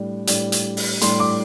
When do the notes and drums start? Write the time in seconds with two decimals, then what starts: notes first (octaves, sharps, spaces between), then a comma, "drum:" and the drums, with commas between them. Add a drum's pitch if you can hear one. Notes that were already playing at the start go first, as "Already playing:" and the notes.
Already playing: A2 G3 D4
0.27 A2 G3 D4, drum: hi-hat
0.52 drum: hi-hat
0.77 drum: open hi-hat
1.01 A2 G3 D4 C6, drum: hi-hat
1.20 D6